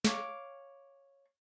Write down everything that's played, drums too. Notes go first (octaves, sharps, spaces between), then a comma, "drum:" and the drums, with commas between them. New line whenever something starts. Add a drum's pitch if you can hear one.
C#5 F5 D6, drum: snare